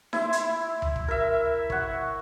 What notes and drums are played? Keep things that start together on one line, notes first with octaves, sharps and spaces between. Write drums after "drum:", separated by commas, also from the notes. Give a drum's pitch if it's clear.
E4 E5 C6, drum: snare D#4
drum: hi-hat
drum: tom D2
drum: kick
A#4 E5
C#5 F#5, drum: kick